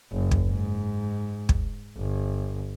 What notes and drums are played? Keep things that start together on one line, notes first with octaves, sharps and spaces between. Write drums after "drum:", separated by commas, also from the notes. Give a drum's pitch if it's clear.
F#1
drum: kick
G#2
drum: kick
G1